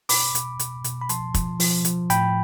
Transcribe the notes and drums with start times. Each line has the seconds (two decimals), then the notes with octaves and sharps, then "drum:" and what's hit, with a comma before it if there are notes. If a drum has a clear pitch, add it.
0.09 B2 B5 D6, drum: open hi-hat
0.35 B2, drum: hi-hat
0.59 B2, drum: hi-hat
0.84 B2, drum: hi-hat
1.01 B5
1.09 F3 A5 C6, drum: hi-hat
1.34 F3, drum: kick, hi-hat
1.60 F3, drum: open hi-hat
1.85 F3, drum: hi-hat
2.10 A2 G5 B5, drum: hi-hat